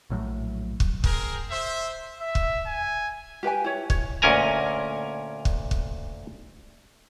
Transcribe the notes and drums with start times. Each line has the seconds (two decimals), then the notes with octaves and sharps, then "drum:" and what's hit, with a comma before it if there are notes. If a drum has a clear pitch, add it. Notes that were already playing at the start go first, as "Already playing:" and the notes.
0.10 A#1 A2 F#3
0.80 drum: kick
1.04 C4 G#4 A#4, drum: kick
1.50 C5 E5
2.20 E5
2.35 drum: kick
2.66 G#5
3.43 G4 B4 G5 G#5
3.64 E4 C#5
3.90 C#5, drum: kick
4.22 D2 A#2 C#4 A#4 G#5 A#5
5.45 drum: kick
5.71 drum: kick